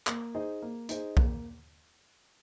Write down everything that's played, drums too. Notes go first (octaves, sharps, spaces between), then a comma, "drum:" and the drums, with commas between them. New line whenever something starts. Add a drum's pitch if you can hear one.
A#3, drum: clap
D#4 G#4 C5 D#5
A#3
D#4 G#4 C5 D#5, drum: hi-hat
A#3, drum: kick